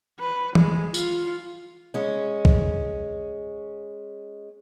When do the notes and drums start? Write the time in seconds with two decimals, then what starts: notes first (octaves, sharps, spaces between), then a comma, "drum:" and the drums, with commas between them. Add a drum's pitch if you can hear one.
0.19 B4
0.55 G#3, drum: tom E3
0.94 F4, drum: tambourine
1.94 G#3 C#4
2.45 drum: kick